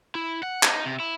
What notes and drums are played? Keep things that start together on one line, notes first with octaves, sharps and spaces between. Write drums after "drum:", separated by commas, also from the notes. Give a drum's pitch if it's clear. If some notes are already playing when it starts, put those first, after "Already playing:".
E4
F#5
D#4, drum: clap
C3
E4